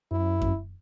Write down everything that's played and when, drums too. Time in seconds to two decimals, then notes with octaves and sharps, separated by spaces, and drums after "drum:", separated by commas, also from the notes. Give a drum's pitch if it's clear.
0.11 F#2 E4
0.42 drum: kick F#2